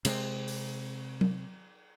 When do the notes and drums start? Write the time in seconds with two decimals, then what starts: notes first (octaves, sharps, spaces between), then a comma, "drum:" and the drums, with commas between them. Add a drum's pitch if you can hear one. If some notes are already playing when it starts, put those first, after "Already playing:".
0.05 C3 G#3 B3 C4, drum: cymbal
0.48 drum: open hi-hat
1.21 drum: tom F#3